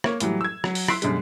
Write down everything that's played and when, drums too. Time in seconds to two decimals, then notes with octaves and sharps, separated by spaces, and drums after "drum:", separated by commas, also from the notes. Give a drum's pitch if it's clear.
0.04 A#3 C#5, drum: rim click
0.20 A2 E3 F#3 G3, drum: hi-hat
0.41 E6 G#6
0.64 F#3, drum: rim click
0.75 drum: open hi-hat
0.88 C6 E6 F#6 B6 C7 D7, drum: rim click
1.02 F#2 B2 D3 G3 G#3, drum: hi-hat